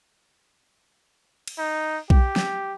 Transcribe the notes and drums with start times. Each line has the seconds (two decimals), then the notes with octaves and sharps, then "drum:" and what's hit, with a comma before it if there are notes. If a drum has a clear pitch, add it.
1.48 drum: cymbal
1.59 D#4
2.10 G4, drum: kick B1
2.36 drum: snare